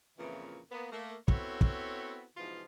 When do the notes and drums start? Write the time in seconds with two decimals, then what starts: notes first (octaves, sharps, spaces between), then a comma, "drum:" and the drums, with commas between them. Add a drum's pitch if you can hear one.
0.18 F2 A#2 C#3 E3
0.72 A#3 B3
0.92 A3 A#3
1.28 B3 C4 E4 F#4 A4 C#5, drum: kick
1.61 drum: kick
2.37 G#2 B2 E3 F3 F4